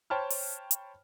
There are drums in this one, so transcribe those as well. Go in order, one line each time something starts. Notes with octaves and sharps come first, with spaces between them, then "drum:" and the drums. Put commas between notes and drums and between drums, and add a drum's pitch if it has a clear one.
C5 C#5 G5 A5 B5 F6
drum: open hi-hat
drum: hi-hat